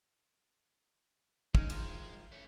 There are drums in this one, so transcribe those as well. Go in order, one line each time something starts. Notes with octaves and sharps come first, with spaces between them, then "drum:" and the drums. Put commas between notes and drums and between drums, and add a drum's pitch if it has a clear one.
G#3 C#4 D#4, drum: kick
D#3 F3, drum: cymbal
A3 C#4